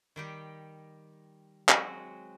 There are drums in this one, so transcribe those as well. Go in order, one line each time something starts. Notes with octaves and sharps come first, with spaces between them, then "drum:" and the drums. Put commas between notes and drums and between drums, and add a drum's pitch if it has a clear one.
D#3 G3 G4
F#3 G#3 C4 F#4, drum: clap